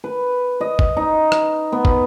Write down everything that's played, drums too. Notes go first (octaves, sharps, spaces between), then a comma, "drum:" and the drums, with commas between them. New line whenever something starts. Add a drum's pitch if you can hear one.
B4
D#5
drum: kick
D#4
drum: rim click
B3
drum: kick